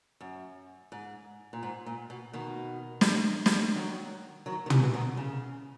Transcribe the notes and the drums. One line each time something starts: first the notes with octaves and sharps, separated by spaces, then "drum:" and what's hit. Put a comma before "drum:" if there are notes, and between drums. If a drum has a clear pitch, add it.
F#2
G#2
A#2
G#2
A#2
B2
B2 D#3
drum: snare
drum: snare
D#3 F#3
D#3 F#3
D#3
C#3 E3, drum: tom
E3
B2 D#3
C#3